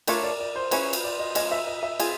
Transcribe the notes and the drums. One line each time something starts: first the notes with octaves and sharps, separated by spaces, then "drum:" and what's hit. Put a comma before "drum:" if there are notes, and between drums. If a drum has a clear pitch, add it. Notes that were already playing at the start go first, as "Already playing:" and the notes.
A3 D4 F4 A4 A#4 C#5, drum: cymbal
D5
D5
C5
C#4 E4 G#4 B4 C#5, drum: cymbal
drum: cymbal
D5
D#5
F3 G#3 C#4 D#5, drum: cymbal
E5
D#5
E5
C4 F4 G#4, drum: cymbal